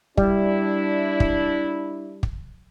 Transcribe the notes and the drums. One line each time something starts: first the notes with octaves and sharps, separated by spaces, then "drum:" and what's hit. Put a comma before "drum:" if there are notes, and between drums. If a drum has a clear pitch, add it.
G3 D4 E4, drum: kick
drum: kick
drum: kick